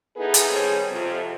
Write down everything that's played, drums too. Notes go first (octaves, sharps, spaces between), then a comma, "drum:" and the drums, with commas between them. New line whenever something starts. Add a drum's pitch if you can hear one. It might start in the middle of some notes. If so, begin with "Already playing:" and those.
B3 D#4 E4 G#4 A4 B4
drum: hi-hat
D#3 G3 C4 G#4 A4 C#5
F2 C3 F4